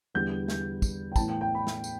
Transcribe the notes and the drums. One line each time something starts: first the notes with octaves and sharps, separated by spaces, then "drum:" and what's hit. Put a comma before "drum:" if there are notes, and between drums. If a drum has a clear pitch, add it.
E2 D3 G3 B3 G6
drum: snare
drum: kick, tambourine
G5
A2 E3 B3 A5, drum: kick, tambourine
G5
G5
B5
drum: snare
drum: tambourine